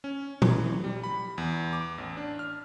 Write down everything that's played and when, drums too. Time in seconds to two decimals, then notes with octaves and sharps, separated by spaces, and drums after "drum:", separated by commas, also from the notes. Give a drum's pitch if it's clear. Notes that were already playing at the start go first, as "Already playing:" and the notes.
0.04 C#4
0.42 E3, drum: tom A#2
0.84 G3
1.04 B5
1.38 E2
1.73 D6
1.98 A1
2.17 D4
2.39 F6